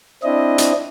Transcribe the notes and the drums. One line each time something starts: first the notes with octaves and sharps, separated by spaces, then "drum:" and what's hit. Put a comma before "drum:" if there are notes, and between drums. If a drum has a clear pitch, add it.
C4 D4 E4 D#5
drum: hi-hat